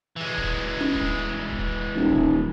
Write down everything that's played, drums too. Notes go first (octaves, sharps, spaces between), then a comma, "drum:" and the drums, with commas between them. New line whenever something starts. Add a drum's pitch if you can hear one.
E3 G#3
drum: kick D1
drum: tom C#4
drum: kick D1
drum: kick D1
D#1
drum: kick D1